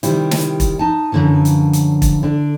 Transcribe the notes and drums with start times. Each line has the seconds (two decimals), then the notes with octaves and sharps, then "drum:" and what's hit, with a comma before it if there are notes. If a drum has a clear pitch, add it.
0.03 C3 D#3 G3 E4, drum: hi-hat
0.31 drum: snare
0.60 drum: kick, hi-hat
0.79 D#4 A5
1.12 F#2 B2 D3 E3 F3
1.45 drum: hi-hat
1.73 drum: hi-hat
2.02 drum: kick, hi-hat
2.23 D3 D4